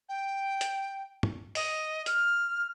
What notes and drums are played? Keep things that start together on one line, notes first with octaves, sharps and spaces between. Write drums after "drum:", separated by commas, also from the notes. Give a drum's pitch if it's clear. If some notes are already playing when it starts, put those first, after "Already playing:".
G5
drum: hi-hat
drum: tom
D#5, drum: open hi-hat
F6, drum: hi-hat